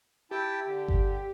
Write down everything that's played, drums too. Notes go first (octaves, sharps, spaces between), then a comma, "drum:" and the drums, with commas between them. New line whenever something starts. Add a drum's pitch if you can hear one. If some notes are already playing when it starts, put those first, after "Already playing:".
E4 G4 G5 A5
D3
drum: kick G1